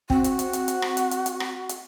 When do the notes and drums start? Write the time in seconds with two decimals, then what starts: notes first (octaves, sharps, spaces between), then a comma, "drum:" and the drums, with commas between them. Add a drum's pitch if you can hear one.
0.10 C4 F#4, drum: kick
0.24 drum: hi-hat
0.39 drum: hi-hat
0.53 drum: hi-hat
0.68 drum: hi-hat
0.82 drum: rim click
0.97 drum: hi-hat
1.11 drum: hi-hat
1.26 drum: hi-hat
1.40 drum: rim click
1.69 drum: hi-hat